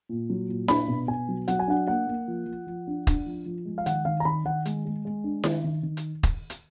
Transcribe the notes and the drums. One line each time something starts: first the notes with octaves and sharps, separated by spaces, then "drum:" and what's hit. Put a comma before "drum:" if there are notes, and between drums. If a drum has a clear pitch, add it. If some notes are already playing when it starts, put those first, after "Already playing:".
A#2
F#3
A#2
D4 B5, drum: snare E4
B2
B2 G#5
F#3
F#3 F#5, drum: hi-hat
G#5
D4 F#5
A#3 F#5
A#3
F3
F3
F3
D4
D4, drum: kick, hi-hat
F3
F3
G#3
F5
D#3 F#5, drum: hi-hat
D#3 F5
A#5
D#3 B5
D#3 F#5
G#3, drum: hi-hat
G#3
G#3
D4
D#3, drum: snare E4
D#3
D#3
drum: hi-hat
drum: kick, hi-hat
drum: hi-hat